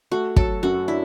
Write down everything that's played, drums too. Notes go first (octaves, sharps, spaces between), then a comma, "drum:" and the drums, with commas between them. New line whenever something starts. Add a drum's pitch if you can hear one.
A3 F#4
F#3 A4, drum: kick
F#2 F#4
D4 E4